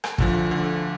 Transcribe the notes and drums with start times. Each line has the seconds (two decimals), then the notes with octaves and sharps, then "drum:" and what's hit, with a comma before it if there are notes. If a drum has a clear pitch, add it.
0.04 drum: rim click
0.18 D2 D3 F3, drum: kick
0.51 D3